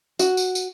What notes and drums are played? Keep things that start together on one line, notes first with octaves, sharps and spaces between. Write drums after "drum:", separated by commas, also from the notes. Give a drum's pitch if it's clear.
F#4, drum: tambourine
drum: tambourine
drum: tambourine